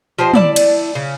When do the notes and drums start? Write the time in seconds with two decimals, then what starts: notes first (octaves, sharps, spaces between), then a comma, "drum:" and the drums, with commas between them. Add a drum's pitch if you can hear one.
0.18 F3 G4 C5 D#5
0.34 E4 D5 A5, drum: tom
0.56 drum: cymbal
0.95 C#3